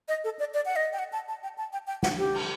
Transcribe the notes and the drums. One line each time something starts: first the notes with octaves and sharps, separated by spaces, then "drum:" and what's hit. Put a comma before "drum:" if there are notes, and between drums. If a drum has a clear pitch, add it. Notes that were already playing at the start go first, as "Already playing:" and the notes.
D#5
A4
D5
D5
F#5
D#5
G5
F#5
A5
A5
G5
A5
G5
G5
F#5, drum: snare
G4
drum: cymbal